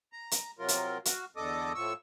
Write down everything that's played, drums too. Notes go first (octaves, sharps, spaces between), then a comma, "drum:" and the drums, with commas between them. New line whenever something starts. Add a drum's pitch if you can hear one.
A#5
drum: hi-hat
C3 F#3 F4 A#4
drum: hi-hat
F#4 F5, drum: hi-hat
E2 D3 A4 D#5 D6 D#6
A2 F3 C#6 E6